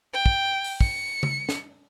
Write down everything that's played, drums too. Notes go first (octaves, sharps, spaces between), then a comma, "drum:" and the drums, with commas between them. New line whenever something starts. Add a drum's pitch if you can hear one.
G5
drum: kick
drum: open hi-hat
C#7, drum: kick
drum: tom C#3
drum: snare